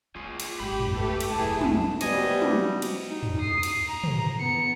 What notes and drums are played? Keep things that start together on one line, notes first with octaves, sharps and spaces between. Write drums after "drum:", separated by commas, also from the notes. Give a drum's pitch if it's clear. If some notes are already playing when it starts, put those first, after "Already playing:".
A#3 F4 G#4
drum: cymbal
G#1 F#2 G4 B5
drum: tom
A3 G4 A4 B4
drum: cymbal
F1 B1 E4 G#4 A5
drum: tom
C3 G3 B3 F#4 D#5 G#5, drum: cymbal
drum: tom
drum: cymbal
D#4
drum: tom
D#6 C7
drum: cymbal
A#5
drum: tom
B3 C#7